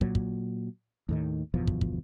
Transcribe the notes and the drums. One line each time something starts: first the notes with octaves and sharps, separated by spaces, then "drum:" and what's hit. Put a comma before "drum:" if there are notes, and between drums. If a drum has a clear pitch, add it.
A#2 F#3, drum: kick
drum: kick
D#2 A2 D#3
G1 E2 B2 F3
drum: kick
drum: kick